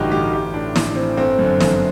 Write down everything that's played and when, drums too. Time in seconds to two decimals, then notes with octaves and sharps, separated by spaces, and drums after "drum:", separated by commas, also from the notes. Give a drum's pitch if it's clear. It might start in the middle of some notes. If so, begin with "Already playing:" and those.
Already playing: A1 G2 D3 D#4 F#4 G4
0.11 G2 D3 G4
0.33 A1 G4
0.54 A2 D4
0.76 A1, drum: snare
0.96 A2 C4
1.17 G1 C4
1.39 F#2 D3
1.61 G1, drum: snare